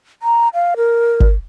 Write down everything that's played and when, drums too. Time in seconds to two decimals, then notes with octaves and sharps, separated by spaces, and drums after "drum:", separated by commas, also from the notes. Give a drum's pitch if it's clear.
0.23 A#5
0.54 F5
0.77 A#4
1.20 drum: kick G1